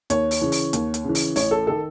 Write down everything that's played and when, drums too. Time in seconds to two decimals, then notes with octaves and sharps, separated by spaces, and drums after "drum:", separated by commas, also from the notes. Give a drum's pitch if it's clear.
0.10 D#2 C#5, drum: hi-hat
0.31 drum: open hi-hat
0.41 C#3 E3
0.52 drum: open hi-hat
0.73 D#2, drum: hi-hat
0.94 drum: hi-hat
1.04 C#3 E3
1.15 drum: open hi-hat
1.36 A1 C#5, drum: open hi-hat
1.51 A4
1.67 D#3 A4